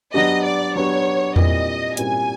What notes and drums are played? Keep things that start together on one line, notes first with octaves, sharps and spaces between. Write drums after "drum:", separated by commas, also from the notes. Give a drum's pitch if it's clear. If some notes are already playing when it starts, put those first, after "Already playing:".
F#3 B3 D4 G4 D#5
D5
F#3 B3 D4 G4 C#5
A#2 G3 C4 E4 D#5, drum: tom E2
A#2 G3 C4 E4 G#5, drum: hi-hat